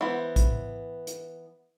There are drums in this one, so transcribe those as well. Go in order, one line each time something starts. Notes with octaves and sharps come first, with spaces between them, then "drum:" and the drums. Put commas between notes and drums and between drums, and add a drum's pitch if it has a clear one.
E3 B3 C5
drum: kick, hi-hat
drum: hi-hat